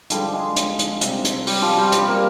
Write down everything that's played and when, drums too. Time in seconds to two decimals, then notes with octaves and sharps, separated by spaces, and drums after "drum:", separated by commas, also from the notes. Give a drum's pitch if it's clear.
0.10 D3 F3 G3 G#3 G4, drum: hi-hat
0.33 G#3 G#4
0.56 drum: hi-hat
0.79 drum: hi-hat
1.01 C3 G3, drum: hi-hat
1.25 drum: hi-hat
1.47 G3 G4, drum: open hi-hat
1.62 F3 F4
1.78 G3 G4
1.92 C3, drum: hi-hat
1.97 G3
2.08 A#3 A#4